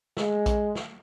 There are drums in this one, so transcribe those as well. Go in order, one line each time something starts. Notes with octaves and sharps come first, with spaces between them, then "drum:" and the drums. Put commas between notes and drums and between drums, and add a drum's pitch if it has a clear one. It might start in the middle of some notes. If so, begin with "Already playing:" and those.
G#3, drum: snare
drum: kick A#1, hi-hat
drum: snare